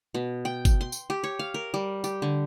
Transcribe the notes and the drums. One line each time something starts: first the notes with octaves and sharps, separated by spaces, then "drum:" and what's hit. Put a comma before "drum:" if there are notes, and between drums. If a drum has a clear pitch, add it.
B2
G5
drum: kick, tambourine
C6
drum: tambourine
G4
C#5
F5
A#4
G3
G4, drum: tambourine
D3